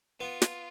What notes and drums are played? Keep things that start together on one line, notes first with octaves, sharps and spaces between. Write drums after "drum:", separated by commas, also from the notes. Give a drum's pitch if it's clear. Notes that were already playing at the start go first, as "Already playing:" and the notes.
B3 F4
drum: snare